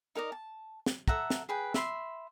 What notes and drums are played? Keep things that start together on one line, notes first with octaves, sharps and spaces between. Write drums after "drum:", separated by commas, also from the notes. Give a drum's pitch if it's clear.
D#4 A#4 D5 D#5
A5
drum: snare
A4 E5 F#5 A#5, drum: kick
drum: snare
G#4 B4 G5
E5 B5 C6, drum: snare